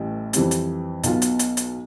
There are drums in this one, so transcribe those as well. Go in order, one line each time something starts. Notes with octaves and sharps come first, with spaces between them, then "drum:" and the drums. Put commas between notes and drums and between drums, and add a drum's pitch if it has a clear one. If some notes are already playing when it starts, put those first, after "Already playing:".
Already playing: A1 A2 E3 G3
F2 E3 G3 C4, drum: hi-hat
drum: hi-hat
B1 B2 B3 F4, drum: hi-hat
drum: hi-hat
drum: hi-hat
drum: hi-hat